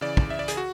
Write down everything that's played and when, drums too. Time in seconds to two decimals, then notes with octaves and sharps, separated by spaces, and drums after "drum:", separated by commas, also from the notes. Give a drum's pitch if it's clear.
0.01 C#3 E3 D5
0.17 drum: kick
0.30 E5
0.39 D5
0.48 G#4, drum: hi-hat
0.57 F#4